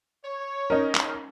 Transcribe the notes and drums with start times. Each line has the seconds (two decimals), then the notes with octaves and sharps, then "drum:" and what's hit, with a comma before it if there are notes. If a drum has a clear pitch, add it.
0.25 C#5
0.70 C#4 D#4 A#4
0.95 drum: clap